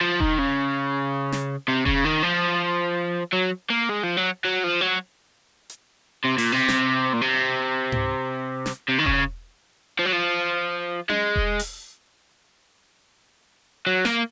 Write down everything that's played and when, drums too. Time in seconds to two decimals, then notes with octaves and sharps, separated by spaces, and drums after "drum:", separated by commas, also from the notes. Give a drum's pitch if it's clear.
0.01 F3
0.20 D#3, drum: kick E1
0.38 C#3
1.32 drum: snare
1.68 C3
1.86 C#3, drum: kick E1
2.05 D#3
2.23 F3
3.33 F#3
3.70 A#3
3.90 G#3
4.03 F3
4.17 F#3
4.45 F#3
4.64 F3
4.81 F#3
5.70 drum: hi-hat
6.25 C3
6.38 A#2, drum: open hi-hat
6.53 C3
6.68 drum: snare
7.14 A#2
7.21 C3
7.92 drum: tom G#2
8.66 drum: snare
8.88 C3
8.98 D#3
9.06 C#3, drum: kick E1
9.99 F3
10.06 F#3
10.13 F3
11.10 G#3, drum: tom C#4
11.36 drum: kick E1
11.59 drum: open hi-hat
13.87 F#3
14.05 A#3, drum: snare